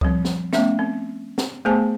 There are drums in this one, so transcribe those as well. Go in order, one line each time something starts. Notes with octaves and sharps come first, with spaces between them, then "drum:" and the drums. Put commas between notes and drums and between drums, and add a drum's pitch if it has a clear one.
F3 G3 C4, drum: kick C#2
drum: snare
A3 B3 C#4 E5, drum: snare
C4
drum: snare
A3 B3 G#4 C5 G#5 A5